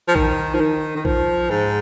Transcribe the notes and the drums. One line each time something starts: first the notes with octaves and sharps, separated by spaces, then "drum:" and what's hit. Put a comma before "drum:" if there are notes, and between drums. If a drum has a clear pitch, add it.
F3
D#3, drum: kick
F3
D#3
D#3
F3, drum: kick
G#2